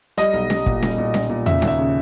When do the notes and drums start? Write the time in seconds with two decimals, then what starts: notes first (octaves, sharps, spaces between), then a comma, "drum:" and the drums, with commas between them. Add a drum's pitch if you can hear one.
0.17 G3 D#5, drum: hi-hat
0.33 B1
0.50 G3, drum: snare C#4
0.66 A#2, drum: kick
0.83 G3, drum: snare C#4
0.98 A#2
1.14 A#2, drum: snare C#4
1.30 A#2
1.46 C#3 E5, drum: tom E2
1.62 D#2, drum: snare C#4
1.67 E5
1.79 C#3